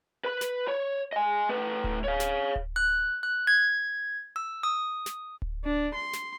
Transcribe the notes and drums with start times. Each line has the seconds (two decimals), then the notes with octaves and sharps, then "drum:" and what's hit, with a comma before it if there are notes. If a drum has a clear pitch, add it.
0.24 B4 B5
0.41 drum: snare
0.68 C#5
1.13 D#5 G#5
1.49 A3 B4
1.84 drum: kick D1
2.04 C#5 F5
2.20 drum: snare
2.56 drum: kick D1
2.76 F#6
3.23 F#6
3.47 G#6
4.36 E6
4.63 D#6
5.06 drum: snare
5.42 drum: kick D1
5.64 D4
5.95 C6
6.13 drum: snare